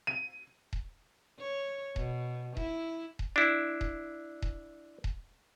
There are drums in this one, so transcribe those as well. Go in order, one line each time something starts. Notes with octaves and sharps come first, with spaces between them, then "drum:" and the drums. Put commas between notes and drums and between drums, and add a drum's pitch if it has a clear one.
D#7
drum: kick D#1
C#5
B2, drum: kick D#1
E4, drum: kick D#1
drum: kick D#1
D4 E4
drum: kick D#1
drum: kick D#1
drum: kick D#1